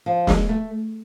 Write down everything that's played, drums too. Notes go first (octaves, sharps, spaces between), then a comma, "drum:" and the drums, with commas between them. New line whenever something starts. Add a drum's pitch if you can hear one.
F3
G#3, drum: snare
A3